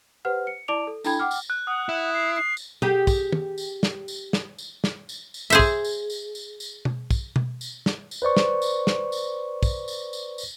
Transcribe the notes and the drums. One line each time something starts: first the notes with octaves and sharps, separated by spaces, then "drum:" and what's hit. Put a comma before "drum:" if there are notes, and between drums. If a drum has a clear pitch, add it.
G4 B4 C5 F#5 F6
C#7
E4 D5 A5 D6 D7 F7
A4
D4 E4 A4 G5 B5 G#6, drum: tambourine
F#5 G5 D6 F6
drum: tambourine
F#6
F#5 D#6 F#6
E4
C7
C7
drum: tambourine
G4 G#4, drum: tom
drum: kick, tambourine
drum: tom
drum: tambourine
drum: snare
drum: tambourine
drum: snare
drum: tambourine
drum: snare
drum: tambourine
drum: tambourine
G#4 C5 E5
drum: kick, tambourine
drum: tambourine
drum: tambourine
drum: tambourine
drum: tambourine
drum: tom
drum: kick, tambourine
drum: tom
drum: tambourine
drum: snare
drum: tambourine
B4 C5 D5 C#6
drum: snare
drum: tambourine
drum: snare
drum: tambourine
drum: kick, tambourine
drum: tambourine
drum: tambourine
drum: tambourine